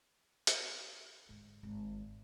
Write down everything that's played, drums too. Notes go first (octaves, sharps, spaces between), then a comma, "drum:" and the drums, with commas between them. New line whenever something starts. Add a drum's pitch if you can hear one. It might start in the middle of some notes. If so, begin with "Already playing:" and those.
drum: hi-hat
G#2 D3
G#1